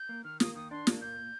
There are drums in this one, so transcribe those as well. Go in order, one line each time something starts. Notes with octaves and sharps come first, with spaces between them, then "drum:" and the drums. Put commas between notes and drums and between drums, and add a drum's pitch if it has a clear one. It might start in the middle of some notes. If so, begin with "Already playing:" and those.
Already playing: G6
A#3
D#3 F6
A#3 D#6, drum: snare
D#3 D#6
D4 C6
A#3, drum: snare
A#2 G6